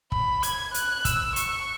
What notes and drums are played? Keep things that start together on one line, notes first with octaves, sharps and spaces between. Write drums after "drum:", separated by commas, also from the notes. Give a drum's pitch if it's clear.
B5, drum: kick
G#6, drum: hi-hat
F#6, drum: hi-hat
E6, drum: kick, hi-hat
C#6, drum: hi-hat